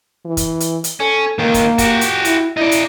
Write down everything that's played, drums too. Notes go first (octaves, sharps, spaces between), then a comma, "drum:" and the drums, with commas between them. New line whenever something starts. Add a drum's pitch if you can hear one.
E3
drum: kick, hi-hat
drum: hi-hat
drum: hi-hat
C#4 A4
C#2 D#3 A#3
drum: kick, hi-hat
F#4 G4, drum: kick, hi-hat
drum: hi-hat
E4, drum: hi-hat
D#4 E4 D5
drum: hi-hat